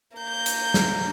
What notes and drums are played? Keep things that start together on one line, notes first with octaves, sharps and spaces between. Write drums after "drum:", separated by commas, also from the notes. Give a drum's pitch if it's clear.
A#3 G6
drum: hi-hat
drum: snare